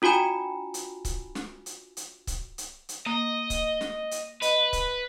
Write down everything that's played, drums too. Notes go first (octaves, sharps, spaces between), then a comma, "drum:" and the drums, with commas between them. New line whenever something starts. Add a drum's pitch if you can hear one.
D4 F4 F#4 G#5 B5
drum: hi-hat
drum: kick C#1, hi-hat
drum: snare
drum: hi-hat
drum: hi-hat
drum: kick C#1, hi-hat
drum: hi-hat
drum: hi-hat
A#3 D#5
drum: kick C#1, hi-hat
drum: snare
drum: hi-hat
B4 D#5, drum: hi-hat
drum: kick C#1, hi-hat